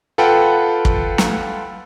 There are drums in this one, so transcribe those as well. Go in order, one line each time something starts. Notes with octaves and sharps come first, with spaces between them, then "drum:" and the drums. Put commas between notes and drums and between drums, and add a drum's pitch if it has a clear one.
F4 A4 B4 F#5 G5
drum: kick
drum: snare